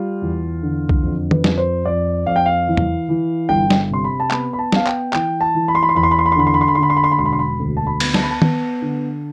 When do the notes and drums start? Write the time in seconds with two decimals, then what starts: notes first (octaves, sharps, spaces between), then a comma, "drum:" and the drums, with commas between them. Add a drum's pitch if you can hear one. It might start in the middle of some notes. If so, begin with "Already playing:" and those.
Already playing: G3 F4
0.22 E2
0.62 D3
0.89 drum: kick
1.03 F2
1.31 B4, drum: tom D#3
1.44 F2, drum: snare
1.58 C5
1.85 F2 D5
2.26 F2 F5
2.36 G5
2.46 F5
2.68 E3
2.77 drum: tom E2
3.09 E3
3.49 G1 G5
3.70 drum: snare
3.90 C3 C6
4.04 B5
4.20 A5
4.31 B3 B5, drum: clap
4.53 B5
4.59 A5
4.72 B3 F5, drum: snare
4.87 G5, drum: clap
5.13 E3 G5, drum: clap
5.41 A5
5.54 E3
5.68 B5
5.75 C6
5.83 B5
5.89 C6
5.95 E2 B5
6.03 C6
6.11 B5
6.19 C6
6.26 B5
6.32 C6
6.36 D3 B5
6.47 C6
6.54 B5
6.61 C6
6.68 B5
6.75 C6
6.78 D3
6.83 B5
6.90 C6
6.97 B5
7.04 C6
7.12 B5
7.18 E1 C6
7.25 B5
7.33 C6
7.39 B5
7.59 D2
7.77 A5
7.87 B5
8.00 B3, drum: cymbal
8.14 A5, drum: snare
8.23 B5
8.31 A5
8.42 B3, drum: tom D#3
8.82 D3